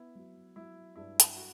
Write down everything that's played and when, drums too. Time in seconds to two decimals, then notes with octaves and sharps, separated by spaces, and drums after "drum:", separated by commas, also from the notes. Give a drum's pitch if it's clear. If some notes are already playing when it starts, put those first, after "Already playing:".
Already playing: B3 E4
0.15 F#3
0.56 F#3 E4
0.96 G2 E4
1.20 drum: hi-hat
1.36 F#4